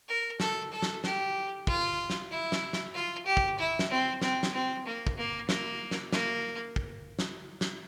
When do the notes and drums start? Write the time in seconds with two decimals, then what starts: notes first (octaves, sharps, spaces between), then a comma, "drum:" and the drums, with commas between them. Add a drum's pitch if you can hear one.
0.08 A#4
0.40 A4, drum: snare
0.72 A4
0.82 drum: snare
1.04 G4, drum: snare
1.67 F4, drum: kick
2.10 drum: snare
2.31 E4
2.52 drum: snare
2.73 drum: snare
2.94 F4
3.26 G4
3.37 drum: kick
3.58 E4
3.79 drum: snare
3.90 C4
4.21 C4, drum: snare
4.43 drum: snare
4.53 C4
4.86 A#3
5.07 drum: kick
5.17 A#3
5.49 A#3, drum: snare
5.91 drum: snare
6.12 A#3, drum: snare
6.76 drum: kick
7.19 drum: snare
7.61 drum: snare